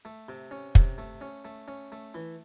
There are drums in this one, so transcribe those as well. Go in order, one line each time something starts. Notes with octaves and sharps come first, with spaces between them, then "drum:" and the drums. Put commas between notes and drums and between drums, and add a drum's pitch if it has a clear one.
A3
C3
C#4
C3, drum: kick
A3
C#4
A3
C#4
A3
E3